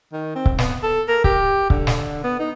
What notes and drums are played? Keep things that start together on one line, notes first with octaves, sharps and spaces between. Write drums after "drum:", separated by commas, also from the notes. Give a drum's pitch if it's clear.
D#3
C4
drum: kick C#1
B3, drum: snare
A4
A#4
G4, drum: kick C#1
D3, drum: kick C#1
drum: snare
B3
D#4